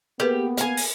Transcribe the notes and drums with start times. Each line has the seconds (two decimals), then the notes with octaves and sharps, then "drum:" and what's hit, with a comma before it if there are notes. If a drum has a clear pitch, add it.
0.20 A#3 B3 G4 G#4 A#4 B4
0.57 F5 G#5, drum: hi-hat
0.77 drum: open hi-hat